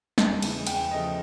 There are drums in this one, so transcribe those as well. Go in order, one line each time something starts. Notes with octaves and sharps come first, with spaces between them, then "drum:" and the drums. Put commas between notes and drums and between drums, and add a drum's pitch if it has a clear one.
E2 A5, drum: snare
C#3 E3 G#3, drum: cymbal
E2 G5, drum: cymbal
C#3 F3 A3 D#5